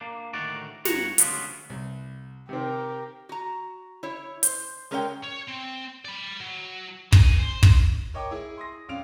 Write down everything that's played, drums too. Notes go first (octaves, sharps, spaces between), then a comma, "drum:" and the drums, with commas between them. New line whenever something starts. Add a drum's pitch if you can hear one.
A#3 D4
D2 A2 D#3 F#4 D5
G2 C#5 F#5 A#5, drum: snare
D2 C#3 F3 F#3 G#3 B3, drum: hi-hat
C2
C3 D#3 C4 G4 A#4
F#4 A#5
E4 C#5
C5, drum: hi-hat
G#3 C#4 A#4 C#5 E5 G5
C#5
C4
D5 B5
F#3
A#3 G#5, drum: kick
C5
drum: kick
A#4 C#5 D#5 G5 D6
E4 G#4
C6 D#6 A#6
F2 C#4 D5 F5 D7 F7